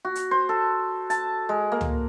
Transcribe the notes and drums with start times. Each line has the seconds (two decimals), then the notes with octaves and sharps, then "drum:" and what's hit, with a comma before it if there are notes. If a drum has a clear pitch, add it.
0.05 F#4
0.15 drum: hi-hat
0.31 C5
0.49 A4
1.10 A5, drum: hi-hat
1.49 G#3
1.72 A#3
1.81 drum: tom C#2